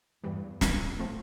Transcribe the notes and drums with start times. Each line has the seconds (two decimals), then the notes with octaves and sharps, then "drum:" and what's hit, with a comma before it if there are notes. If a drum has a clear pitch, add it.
0.23 E2 G2 E3 G3 B3
0.61 F2 A2 E3 G3 B3, drum: snare
0.99 A2 F3 A3 C4